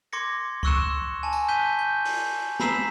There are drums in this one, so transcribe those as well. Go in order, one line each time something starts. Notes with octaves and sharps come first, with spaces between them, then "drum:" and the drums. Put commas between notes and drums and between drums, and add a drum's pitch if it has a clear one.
C6 D6 G#6 A#6 C#7
C6 C#6 E6 F#6 C#7 E7, drum: kick C#2
G#5 A5
drum: tambourine
F#6 G6 B6 D#7 G7
G6
drum: open hi-hat
A#5 B5 E6 B6 C7 E7, drum: snare